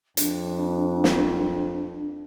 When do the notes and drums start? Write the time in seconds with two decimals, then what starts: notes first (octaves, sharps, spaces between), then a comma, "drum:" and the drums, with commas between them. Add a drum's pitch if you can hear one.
0.17 F2 D4, drum: hi-hat
1.04 drum: snare